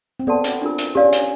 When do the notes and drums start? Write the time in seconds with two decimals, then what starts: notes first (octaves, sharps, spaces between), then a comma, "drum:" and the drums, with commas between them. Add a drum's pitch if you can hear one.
0.20 C4
0.27 B3 A4 D5 F#5 A5 C6
0.44 drum: hi-hat
0.62 D4 F4 A#4
0.78 drum: hi-hat
0.95 C#4 G4 B4 D5 F5
1.13 drum: hi-hat